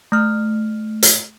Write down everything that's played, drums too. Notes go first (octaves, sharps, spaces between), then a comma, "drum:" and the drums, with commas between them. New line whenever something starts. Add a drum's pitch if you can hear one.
A3 F6
drum: hi-hat